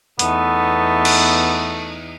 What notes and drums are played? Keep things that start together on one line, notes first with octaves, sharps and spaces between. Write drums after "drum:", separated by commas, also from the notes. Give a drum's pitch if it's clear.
E2 A3 B3 D#4, drum: hi-hat
drum: cymbal